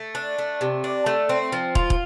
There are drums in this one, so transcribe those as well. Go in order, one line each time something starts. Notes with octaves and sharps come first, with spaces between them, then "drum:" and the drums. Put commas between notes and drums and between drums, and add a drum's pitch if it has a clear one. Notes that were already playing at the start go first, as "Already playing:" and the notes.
Already playing: A3
D4
A3
C3
D4
A3
C4
F3
F4, drum: kick
drum: kick